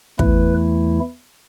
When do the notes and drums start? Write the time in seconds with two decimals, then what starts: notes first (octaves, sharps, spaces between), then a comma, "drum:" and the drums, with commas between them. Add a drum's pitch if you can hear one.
0.19 E2 E3 A3 E4 B4, drum: kick